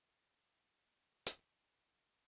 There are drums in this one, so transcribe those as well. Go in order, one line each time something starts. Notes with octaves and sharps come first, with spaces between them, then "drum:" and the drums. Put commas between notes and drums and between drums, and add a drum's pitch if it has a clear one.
A#4 A#5
drum: hi-hat